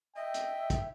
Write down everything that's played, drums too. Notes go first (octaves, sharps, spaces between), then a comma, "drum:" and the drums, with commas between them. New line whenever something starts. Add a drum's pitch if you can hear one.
D#5 E5 G5
drum: hi-hat
drum: kick, hi-hat